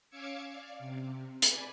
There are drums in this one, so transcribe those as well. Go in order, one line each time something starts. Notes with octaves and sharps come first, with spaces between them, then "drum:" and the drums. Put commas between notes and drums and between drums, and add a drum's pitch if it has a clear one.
C#4 F5 D6 E6 G#6 C#7
D5 F5
C3
D5 G#5 B5, drum: hi-hat